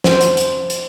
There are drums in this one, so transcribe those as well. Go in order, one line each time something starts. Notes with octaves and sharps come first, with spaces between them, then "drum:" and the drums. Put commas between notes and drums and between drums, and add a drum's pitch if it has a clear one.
C5, drum: snare
drum: hi-hat
drum: hi-hat
drum: hi-hat